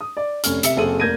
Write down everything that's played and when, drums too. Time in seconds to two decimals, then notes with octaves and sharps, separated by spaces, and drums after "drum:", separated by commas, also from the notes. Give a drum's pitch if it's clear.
0.01 D#6
0.17 D5
0.44 F1 C#4 F6, drum: hi-hat
0.63 C3 E5 C#7, drum: hi-hat
0.77 F#1 C4 G#4 A4 D#7 F#7
1.00 F1 A#3 G6 G#6 A#6 D#7